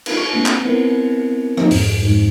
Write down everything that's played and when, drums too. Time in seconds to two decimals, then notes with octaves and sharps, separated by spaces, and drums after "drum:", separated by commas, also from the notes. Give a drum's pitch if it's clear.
0.06 drum: cymbal
0.17 C#6
0.33 A3 A#3 C4 D4
0.46 drum: clap
0.65 B3 C4 E4 A#4
1.57 F3 A#3 C4 D#4, drum: rim click
1.71 F2 G#2, drum: open hi-hat
2.02 F2 G#2